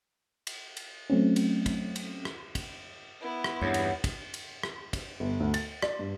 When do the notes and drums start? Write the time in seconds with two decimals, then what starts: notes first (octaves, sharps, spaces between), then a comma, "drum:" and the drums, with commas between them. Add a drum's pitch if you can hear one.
0.47 drum: cymbal
0.77 drum: cymbal
1.10 F#3 A3 C4 C#4
1.36 drum: cymbal
1.66 drum: kick, cymbal
1.96 drum: cymbal
2.25 drum: rim click
2.55 drum: kick, cymbal
3.21 B3 E4
3.44 drum: rim click
3.62 E2 G2 C#5 F#5
3.74 drum: cymbal
4.04 drum: kick, cymbal
4.34 drum: cymbal
4.63 drum: rim click
4.93 drum: kick, cymbal
5.20 G1
5.40 D2
5.54 A6, drum: cymbal
5.82 D5, drum: rim click
5.99 G2